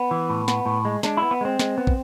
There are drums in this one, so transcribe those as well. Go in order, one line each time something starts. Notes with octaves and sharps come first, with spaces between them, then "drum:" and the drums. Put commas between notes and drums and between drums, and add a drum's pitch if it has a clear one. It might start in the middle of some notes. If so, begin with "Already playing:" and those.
Already playing: B3
E3
A2
B3, drum: snare
A2
G#3
G#3 D4, drum: snare
B3 E4
B3
G#3 C4
G#3, drum: snare
B3
drum: kick